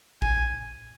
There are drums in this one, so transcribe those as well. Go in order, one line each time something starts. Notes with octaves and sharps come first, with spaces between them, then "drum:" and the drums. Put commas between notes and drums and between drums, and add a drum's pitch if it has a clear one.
G#5, drum: kick